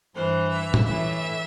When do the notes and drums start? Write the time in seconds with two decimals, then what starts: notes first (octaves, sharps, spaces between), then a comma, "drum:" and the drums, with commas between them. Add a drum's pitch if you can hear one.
0.15 G2 E3 C5
0.50 E5
0.74 drum: tom A2
0.85 A2 E3 E5